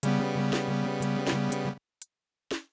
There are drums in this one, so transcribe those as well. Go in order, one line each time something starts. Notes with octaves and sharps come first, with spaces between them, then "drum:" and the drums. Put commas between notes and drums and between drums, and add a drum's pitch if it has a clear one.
C#3 G3 B3, drum: hi-hat
drum: snare
drum: hi-hat
drum: snare
drum: hi-hat
drum: hi-hat
drum: snare